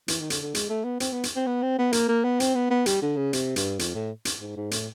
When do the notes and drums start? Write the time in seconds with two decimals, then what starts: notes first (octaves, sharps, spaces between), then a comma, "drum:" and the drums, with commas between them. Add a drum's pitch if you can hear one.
0.08 E3, drum: hi-hat
0.20 D#3
0.30 D3, drum: hi-hat
0.42 D3
0.55 G#3, drum: hi-hat
0.69 A3
0.84 B3
1.00 C4, drum: hi-hat
1.12 B3
1.24 drum: hi-hat
1.36 C4
1.46 B3
1.62 C4
1.78 B3
1.93 A#3, drum: hi-hat
2.08 A#3
2.24 B3
2.40 C4, drum: hi-hat
2.55 B3
2.70 B3
2.86 G3, drum: hi-hat
3.02 D3
3.16 C#3
3.33 C3, drum: hi-hat
3.56 G2, drum: hi-hat
3.79 F2, drum: hi-hat
3.95 A2
4.25 drum: hi-hat
4.40 G#2
4.56 G#2
4.71 A2, drum: hi-hat